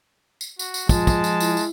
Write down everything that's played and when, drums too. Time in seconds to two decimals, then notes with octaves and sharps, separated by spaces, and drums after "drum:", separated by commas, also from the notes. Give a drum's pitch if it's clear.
0.41 drum: tambourine
0.59 F#4, drum: tambourine
0.74 drum: tambourine
0.89 F3 G#3 F4 A5, drum: kick, tambourine
1.07 drum: kick, tambourine
1.24 drum: tambourine
1.40 E4, drum: tambourine
1.57 drum: tambourine